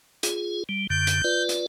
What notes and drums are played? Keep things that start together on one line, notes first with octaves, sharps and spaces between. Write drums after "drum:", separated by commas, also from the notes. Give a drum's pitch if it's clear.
F4 G#4, drum: hi-hat
G3
F#2 D3 G6
drum: hi-hat
F4 B4 D5
drum: hi-hat